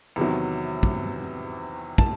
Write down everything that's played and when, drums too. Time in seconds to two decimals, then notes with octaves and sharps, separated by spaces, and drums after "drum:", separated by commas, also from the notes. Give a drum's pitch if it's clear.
0.16 E2 C3 D#3 F#3
0.83 drum: kick
1.98 A5, drum: kick